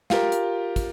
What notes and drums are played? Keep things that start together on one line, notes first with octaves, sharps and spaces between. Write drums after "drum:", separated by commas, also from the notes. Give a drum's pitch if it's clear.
F4 G4 A#4, drum: snare
drum: hi-hat
drum: kick, hi-hat